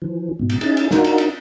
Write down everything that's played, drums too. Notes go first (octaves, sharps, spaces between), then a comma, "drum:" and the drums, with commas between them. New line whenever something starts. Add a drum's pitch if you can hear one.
E3 F3
G#2 B2
drum: cymbal
C#4 D#4 E4 G#4 A6, drum: cymbal
drum: cymbal
D4 D#4 F4 F#4 A#4, drum: snare
drum: cymbal
drum: cymbal